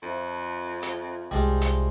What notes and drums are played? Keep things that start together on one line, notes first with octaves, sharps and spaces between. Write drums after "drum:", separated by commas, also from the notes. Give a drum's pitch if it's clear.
F2 F3 A3 D6
drum: hi-hat
C2 G3 G#3 C5 D5 A5
drum: hi-hat